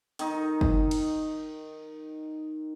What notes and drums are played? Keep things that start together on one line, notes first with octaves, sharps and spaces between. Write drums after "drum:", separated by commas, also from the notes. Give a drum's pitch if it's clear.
D#3 D#4, drum: hi-hat
drum: kick F#1
drum: cymbal